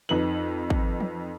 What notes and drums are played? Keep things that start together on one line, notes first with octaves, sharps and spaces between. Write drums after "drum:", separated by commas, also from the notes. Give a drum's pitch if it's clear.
F2 D#4 B4 F#7
drum: kick
drum: tom